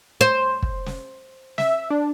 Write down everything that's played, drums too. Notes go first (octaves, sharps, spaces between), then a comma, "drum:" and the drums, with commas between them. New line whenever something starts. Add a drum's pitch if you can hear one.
C5
drum: kick
drum: snare
E5, drum: snare
D4